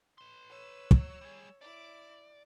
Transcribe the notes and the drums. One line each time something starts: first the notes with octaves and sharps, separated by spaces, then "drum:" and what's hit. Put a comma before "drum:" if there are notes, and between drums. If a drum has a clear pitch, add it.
B4 C6
C#5 E6
F#3, drum: kick
G3 G#4
E4 D5 D6